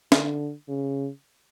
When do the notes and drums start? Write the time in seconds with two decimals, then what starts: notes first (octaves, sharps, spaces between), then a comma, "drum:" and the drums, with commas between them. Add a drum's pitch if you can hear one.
0.12 D3, drum: snare
0.69 C#3